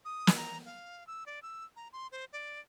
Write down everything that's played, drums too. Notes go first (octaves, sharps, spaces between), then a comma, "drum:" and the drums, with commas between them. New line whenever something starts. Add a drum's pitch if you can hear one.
D#6
drum: snare
A#5
F5
E6
D5
E6
A#5
C6
C5
D5